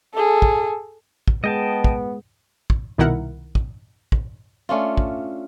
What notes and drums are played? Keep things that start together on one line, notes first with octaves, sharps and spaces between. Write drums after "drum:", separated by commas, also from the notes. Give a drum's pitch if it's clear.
G#4 A4
drum: kick
drum: kick
G#3 B3 G#4 D#5 G5 A5
drum: kick
drum: kick
C2 B2 D#3 E4 A#4 F#5
drum: kick
drum: kick
A3 C#4 D4 F4
drum: kick